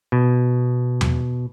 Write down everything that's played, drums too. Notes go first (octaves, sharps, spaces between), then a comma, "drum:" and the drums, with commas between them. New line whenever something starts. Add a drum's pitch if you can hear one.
B2
drum: tom E2